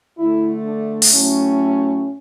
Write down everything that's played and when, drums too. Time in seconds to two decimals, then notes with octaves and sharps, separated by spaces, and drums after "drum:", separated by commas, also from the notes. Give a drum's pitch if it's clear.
0.18 D3 A3 E4
0.65 D4
1.02 drum: open hi-hat
1.11 A2 F#3 A3 C#4